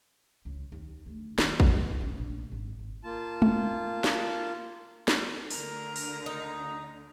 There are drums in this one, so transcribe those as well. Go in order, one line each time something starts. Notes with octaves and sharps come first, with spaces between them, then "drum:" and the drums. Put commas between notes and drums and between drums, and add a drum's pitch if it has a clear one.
C#2
D#2
D2
D#3, drum: snare
A3, drum: kick
C#4
A#1
G#1
G#1
A#3 F4 A5
drum: tom
drum: snare
drum: snare
D2 D3 A#4 A#5, drum: open hi-hat
drum: open hi-hat
D#4